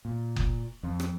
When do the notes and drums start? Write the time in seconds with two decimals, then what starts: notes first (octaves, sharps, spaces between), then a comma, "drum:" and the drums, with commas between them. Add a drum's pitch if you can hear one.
0.05 A#2
0.36 drum: kick F#1
0.83 F2
1.00 drum: rim click